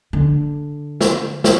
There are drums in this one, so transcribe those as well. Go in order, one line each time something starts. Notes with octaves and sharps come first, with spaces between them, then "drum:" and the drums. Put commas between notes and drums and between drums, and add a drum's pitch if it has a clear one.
D3
drum: snare
drum: snare